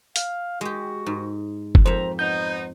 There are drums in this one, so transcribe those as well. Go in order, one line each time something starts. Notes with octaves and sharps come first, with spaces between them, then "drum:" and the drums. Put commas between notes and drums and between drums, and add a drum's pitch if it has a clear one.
F5, drum: hi-hat
G#3 F#4 G4
G#2
drum: kick F#1
F2 C5 E5 A#5
B3 D#4 C5 G6